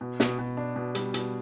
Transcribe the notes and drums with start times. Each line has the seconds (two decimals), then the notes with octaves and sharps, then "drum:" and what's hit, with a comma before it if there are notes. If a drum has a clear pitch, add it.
0.01 B2
0.20 B2, drum: snare
0.39 B2
0.57 D4
0.76 B2
0.95 G3, drum: hi-hat
1.14 B2, drum: hi-hat